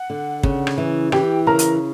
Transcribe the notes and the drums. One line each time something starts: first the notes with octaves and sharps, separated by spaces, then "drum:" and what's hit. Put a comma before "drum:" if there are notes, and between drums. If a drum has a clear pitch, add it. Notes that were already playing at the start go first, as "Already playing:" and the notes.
Already playing: F#5
D3
C#3, drum: kick
drum: rim click
E3
E3 G4 G5, drum: rim click
C#3 A#4 A#5
drum: hi-hat